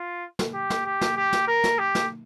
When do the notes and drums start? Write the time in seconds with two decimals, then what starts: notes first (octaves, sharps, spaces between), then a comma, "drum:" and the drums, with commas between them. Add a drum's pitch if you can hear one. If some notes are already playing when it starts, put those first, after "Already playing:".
Already playing: F4
0.39 drum: snare
0.54 G4
0.70 drum: snare
0.86 G4
1.01 drum: snare
1.17 G4
1.33 drum: snare
1.48 A#4
1.64 drum: snare
1.79 G4
1.95 drum: snare